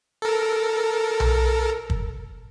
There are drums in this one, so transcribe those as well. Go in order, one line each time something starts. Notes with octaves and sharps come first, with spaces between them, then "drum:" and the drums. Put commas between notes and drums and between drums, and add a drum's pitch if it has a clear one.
A4 A#4
drum: tom B1
drum: kick